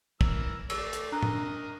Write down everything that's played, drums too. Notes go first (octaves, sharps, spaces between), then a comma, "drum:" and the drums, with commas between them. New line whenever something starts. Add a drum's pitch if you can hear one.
E3 A#4 E6, drum: kick
A3 D5 E6, drum: cymbal
drum: hi-hat
D4 A#4 D#5 A#5 F#6
drum: tom